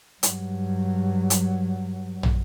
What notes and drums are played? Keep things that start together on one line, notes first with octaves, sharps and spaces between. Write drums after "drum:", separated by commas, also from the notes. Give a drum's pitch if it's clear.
G2 F#3, drum: hi-hat
drum: hi-hat
drum: tom